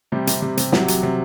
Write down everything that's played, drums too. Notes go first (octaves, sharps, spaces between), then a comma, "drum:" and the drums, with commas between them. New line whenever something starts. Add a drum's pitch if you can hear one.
C3 G3 G4
C3, drum: hi-hat
C3
C3, drum: hi-hat
C3 F#3 F#4, drum: snare
F#3, drum: hi-hat
C3